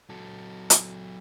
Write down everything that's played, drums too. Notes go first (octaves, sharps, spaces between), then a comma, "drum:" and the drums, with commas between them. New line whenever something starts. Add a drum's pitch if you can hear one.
F#3 A4
drum: hi-hat